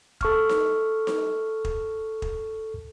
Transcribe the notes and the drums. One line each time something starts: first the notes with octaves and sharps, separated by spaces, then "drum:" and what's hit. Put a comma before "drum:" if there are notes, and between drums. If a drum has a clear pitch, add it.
A4 C#6 F6, drum: kick
drum: snare D#4
drum: snare D#4
drum: kick
drum: kick